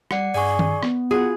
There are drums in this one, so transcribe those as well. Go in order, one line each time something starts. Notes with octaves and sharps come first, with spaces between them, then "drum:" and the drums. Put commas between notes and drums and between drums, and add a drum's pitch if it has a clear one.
G3 D5 F#5 C#7, drum: rim click
G2 G#4 D5 C#6
drum: tom D#3
B3, drum: rim click
F4 F#4 G#4 F#5